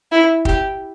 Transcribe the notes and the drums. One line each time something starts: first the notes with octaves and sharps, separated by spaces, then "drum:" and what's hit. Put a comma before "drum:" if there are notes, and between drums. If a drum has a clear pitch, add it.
E4
G4, drum: kick